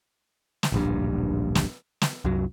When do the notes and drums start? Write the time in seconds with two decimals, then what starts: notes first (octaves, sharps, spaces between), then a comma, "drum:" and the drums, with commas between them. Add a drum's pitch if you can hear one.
0.63 drum: snare
0.72 D1 A#1 G2
1.55 drum: snare
2.02 drum: snare
2.25 C2 F#2 F#3